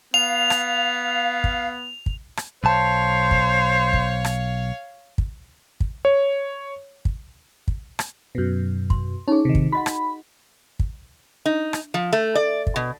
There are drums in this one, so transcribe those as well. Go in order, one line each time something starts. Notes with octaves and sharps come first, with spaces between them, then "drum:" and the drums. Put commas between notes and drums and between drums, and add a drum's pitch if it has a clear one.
B3 F5 F7
drum: rim click
drum: kick
drum: kick
drum: rim click
B1 C5 C#5 F5 A5
drum: kick
drum: kick
drum: rim click
drum: kick
drum: kick
C#5
drum: kick
drum: kick
drum: rim click
F#2 B2
C6, drum: kick
C#4 D#4 G#4
C3 D#3
drum: kick
F#4 D#5 F#5 B5
drum: rim click
drum: kick
D#4
drum: rim click
F3
A3
D5
drum: kick
B2